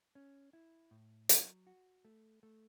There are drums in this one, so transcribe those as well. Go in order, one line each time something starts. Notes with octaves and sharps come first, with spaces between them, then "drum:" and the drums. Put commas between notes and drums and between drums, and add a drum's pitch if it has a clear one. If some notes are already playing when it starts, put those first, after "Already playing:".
C#4
E4
A2
F#3, drum: hi-hat
F#4
A3
A3